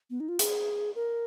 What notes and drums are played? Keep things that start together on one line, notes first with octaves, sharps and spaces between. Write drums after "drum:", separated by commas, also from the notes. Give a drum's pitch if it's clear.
B3
D#4
F4
G#4, drum: hi-hat
A#4